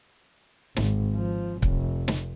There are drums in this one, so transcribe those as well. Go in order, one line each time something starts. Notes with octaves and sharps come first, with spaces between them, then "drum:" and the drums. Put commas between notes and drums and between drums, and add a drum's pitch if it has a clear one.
G#1, drum: snare
F3
F1, drum: kick C#1
drum: snare